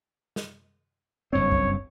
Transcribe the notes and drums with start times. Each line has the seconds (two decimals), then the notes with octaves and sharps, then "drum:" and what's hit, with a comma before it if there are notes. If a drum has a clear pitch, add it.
0.36 drum: snare
1.33 F#1 G2 C4 C#5
1.52 drum: kick C2